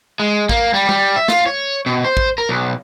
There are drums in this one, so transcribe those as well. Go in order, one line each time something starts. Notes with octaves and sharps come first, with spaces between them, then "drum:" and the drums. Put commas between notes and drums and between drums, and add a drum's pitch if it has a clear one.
G#3
A#3, drum: kick
G3
G3, drum: tom G3
E5
F4, drum: snare
C#5
B2
C5
drum: kick
A#4
B1